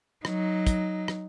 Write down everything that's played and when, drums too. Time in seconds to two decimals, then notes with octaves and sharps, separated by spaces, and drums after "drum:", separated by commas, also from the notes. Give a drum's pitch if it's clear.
0.25 F#3 D#4, drum: rim click
0.67 drum: kick, hi-hat
1.08 drum: rim click